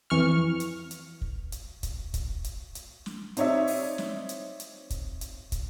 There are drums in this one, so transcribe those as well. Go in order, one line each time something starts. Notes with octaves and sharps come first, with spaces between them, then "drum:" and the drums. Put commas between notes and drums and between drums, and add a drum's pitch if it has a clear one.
F2 E3 C#6 F6
drum: hi-hat
drum: hi-hat
drum: kick
drum: hi-hat
drum: kick, hi-hat
drum: kick, hi-hat
drum: hi-hat
drum: hi-hat
drum: snare
C4 D#4 C#5 D5 E5, drum: hi-hat
drum: open hi-hat
drum: snare
drum: hi-hat
drum: hi-hat
drum: kick, hi-hat
drum: hi-hat
drum: kick, hi-hat